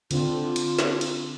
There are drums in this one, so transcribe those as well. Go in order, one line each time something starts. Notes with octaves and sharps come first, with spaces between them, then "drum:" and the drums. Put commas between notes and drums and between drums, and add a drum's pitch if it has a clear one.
D3 C4 D4 F4, drum: cymbal
F4
drum: cymbal
drum: snare
drum: cymbal